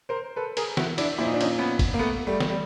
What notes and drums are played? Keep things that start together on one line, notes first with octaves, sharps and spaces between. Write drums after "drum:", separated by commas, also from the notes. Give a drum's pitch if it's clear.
A#4 C5
A4 B4
G#4 A#4, drum: cymbal
E4 F#4, drum: snare
D4 E4, drum: cymbal
A#2 F3 E4
D#4
D4
C#4 D#4, drum: cymbal
B3 C#4
drum: kick, cymbal
A#3
A3 B3
G3 A3
drum: snare
G3